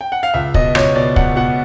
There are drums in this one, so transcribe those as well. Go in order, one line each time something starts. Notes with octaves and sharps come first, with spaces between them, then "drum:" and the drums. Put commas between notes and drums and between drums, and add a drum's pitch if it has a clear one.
G5
F#5
F5
C#2 E5
B2 D#5, drum: kick
C#2 C#5, drum: rim click
B2 D5
C#2 F#5, drum: kick
B2 F#5